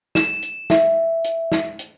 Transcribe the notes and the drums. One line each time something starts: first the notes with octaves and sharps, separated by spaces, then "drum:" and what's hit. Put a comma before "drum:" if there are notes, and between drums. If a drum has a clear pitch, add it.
E7, drum: snare
drum: hi-hat
E5, drum: snare
drum: hi-hat
drum: snare
drum: hi-hat